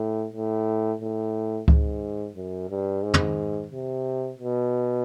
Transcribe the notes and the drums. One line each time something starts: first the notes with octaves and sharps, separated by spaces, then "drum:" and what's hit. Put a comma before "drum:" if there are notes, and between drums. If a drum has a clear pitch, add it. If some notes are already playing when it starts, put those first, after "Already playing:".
Already playing: A2
A2
A2
G#2, drum: kick C#2
F#2
G2
G#2
drum: tom
C3
B2